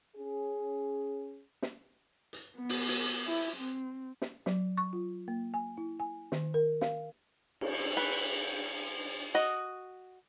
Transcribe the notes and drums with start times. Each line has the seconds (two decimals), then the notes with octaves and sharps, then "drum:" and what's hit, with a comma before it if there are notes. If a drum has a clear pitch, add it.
0.16 C#4 G#4
1.62 drum: snare
2.33 drum: hi-hat
2.57 B3
2.69 drum: open hi-hat
2.88 drum: open hi-hat
3.26 E4
3.57 C4
4.22 drum: snare
4.46 F#3, drum: snare
4.78 C#6
4.93 F4
5.28 A#3
5.54 G#5
5.77 E4
6.00 G#5
6.32 D#3, drum: snare
6.54 A#4
6.81 F5, drum: snare
7.61 drum: cymbal
7.97 B4
9.34 F#4 D#5